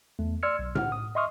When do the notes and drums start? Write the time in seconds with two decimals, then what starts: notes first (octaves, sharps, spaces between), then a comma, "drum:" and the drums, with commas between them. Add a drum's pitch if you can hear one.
0.19 E2 A3
0.43 D5 C6 E6 F6 G#6 C#7
0.59 B1
0.75 F#5 F6, drum: tom A2
0.92 D#6
1.15 D#5 E5 C6 C#6 D#6 F6